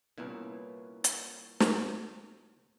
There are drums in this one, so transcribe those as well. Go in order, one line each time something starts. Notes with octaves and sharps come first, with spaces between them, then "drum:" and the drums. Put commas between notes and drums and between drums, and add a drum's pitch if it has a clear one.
C2 A#2 B3 C#4 E4 A#4 B4
drum: hi-hat
drum: snare